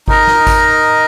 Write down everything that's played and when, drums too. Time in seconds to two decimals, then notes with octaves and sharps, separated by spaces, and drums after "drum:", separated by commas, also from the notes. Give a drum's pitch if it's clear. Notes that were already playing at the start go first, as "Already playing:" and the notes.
0.08 D#4 A#4 D#5, drum: kick G#1
0.27 drum: snare
0.47 drum: kick G#1, tambourine